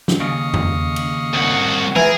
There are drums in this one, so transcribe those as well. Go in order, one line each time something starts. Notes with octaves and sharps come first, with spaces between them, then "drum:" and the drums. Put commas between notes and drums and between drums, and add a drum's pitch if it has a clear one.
drum: snare
D#2 C#3 D#5 F5 C#6
drum: tom E2
drum: cymbal
C2 F#4
E3 G#4 A#4 A#5